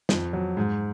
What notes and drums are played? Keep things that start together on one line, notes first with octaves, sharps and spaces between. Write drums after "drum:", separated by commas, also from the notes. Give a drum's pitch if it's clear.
F2, drum: snare
F#3
G#2